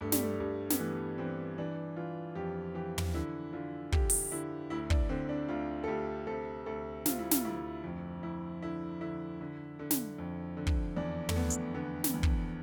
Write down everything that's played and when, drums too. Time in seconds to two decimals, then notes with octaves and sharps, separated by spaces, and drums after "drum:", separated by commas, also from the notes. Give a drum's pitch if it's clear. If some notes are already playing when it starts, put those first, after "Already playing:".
0.01 G2 A3
0.12 G3, drum: snare
0.23 A3
0.40 G2 G3
0.70 B3, drum: snare
0.79 E3 A3
1.18 E3 C4
1.58 E3 D4
1.96 E3 F4
2.35 F2 G4
2.75 E3 G4
2.98 drum: tom
3.14 D3 E4
3.53 D3 F4
3.92 D3 G4, drum: kick
4.10 drum: open hi-hat
4.32 D3 E4
4.70 D2 E4
4.90 D4, drum: kick
5.09 D3 C4
5.29 D4
5.49 D2 F4
5.84 A4
5.88 D2 G4
6.27 C3 A4
6.66 D2 A4
7.06 C3 F4, drum: snare
7.19 E4
7.31 F4, drum: snare
7.45 D2 E4
7.84 F2
8.23 F2 E4
8.62 D3 E4
9.01 D3 E4
9.41 D3
9.79 D3
9.91 drum: snare
10.18 F2
10.57 D3
10.67 drum: kick
10.96 E2 D4
11.29 A3, drum: tom
11.36 D3 B3
11.50 drum: hi-hat
11.74 D3 B3
12.04 drum: snare
12.14 E2
12.23 drum: kick